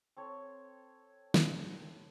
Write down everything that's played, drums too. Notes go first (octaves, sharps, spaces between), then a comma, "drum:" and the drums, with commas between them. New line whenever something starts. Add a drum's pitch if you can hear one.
C4 A4 C#5
drum: snare